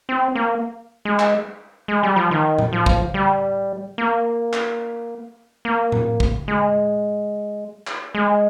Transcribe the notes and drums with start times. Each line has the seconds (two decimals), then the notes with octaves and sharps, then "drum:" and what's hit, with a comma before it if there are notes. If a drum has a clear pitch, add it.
0.09 C4
0.35 A#3
1.05 G#3
1.19 drum: clap
1.88 G#3
2.03 G3
2.16 F3
2.31 D#3
2.58 drum: tom A2
2.73 F3
2.86 drum: kick
3.14 G3
3.98 A#3
4.53 drum: clap
5.65 A#3
5.92 drum: tom A2
6.20 drum: kick
6.48 G#3
7.87 drum: clap
8.15 G#3